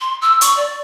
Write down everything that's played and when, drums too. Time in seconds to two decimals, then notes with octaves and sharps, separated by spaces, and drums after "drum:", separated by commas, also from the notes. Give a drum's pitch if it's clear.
0.01 C6
0.22 E6
0.41 C#6, drum: hi-hat
0.57 D5